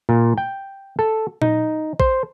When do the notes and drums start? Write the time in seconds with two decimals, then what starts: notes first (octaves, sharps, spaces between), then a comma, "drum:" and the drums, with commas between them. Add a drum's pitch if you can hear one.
0.09 A#2
0.38 G5
0.99 A4
1.42 D#4, drum: tom A#2
2.00 C5, drum: kick A#1